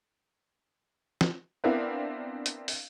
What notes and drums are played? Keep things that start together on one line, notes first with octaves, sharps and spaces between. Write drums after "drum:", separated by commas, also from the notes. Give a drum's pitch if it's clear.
drum: snare
B3 C4 D4 E4 A#4 F5
drum: hi-hat
drum: open hi-hat